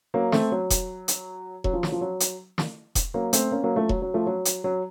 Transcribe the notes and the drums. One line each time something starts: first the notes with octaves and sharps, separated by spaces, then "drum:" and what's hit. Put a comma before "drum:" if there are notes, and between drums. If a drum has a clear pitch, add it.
F#3 A#3
A3 C4, drum: snare
F#3
drum: kick E1, hi-hat
drum: hi-hat
F#3, drum: kick E1
F3
F#3, drum: snare
F3
F#3
drum: hi-hat
drum: snare
drum: kick E1, hi-hat
F#3 A#3
A3 C4, drum: hi-hat
A#3 C#4
F#3 A#3
F3 A3
F#3, drum: kick E1
F#3
F3 A3
F#3
drum: hi-hat
F#3